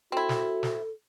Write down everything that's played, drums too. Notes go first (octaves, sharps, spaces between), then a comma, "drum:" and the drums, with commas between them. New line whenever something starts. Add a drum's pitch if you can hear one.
C4 E4 F#4 A4
drum: snare
drum: snare